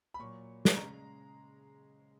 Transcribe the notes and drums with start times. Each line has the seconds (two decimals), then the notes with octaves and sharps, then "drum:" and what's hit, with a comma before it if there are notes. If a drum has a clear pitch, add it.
0.14 B5
0.19 A#2 F#3 C#6
0.65 drum: snare
0.76 C#3 G#3 A#5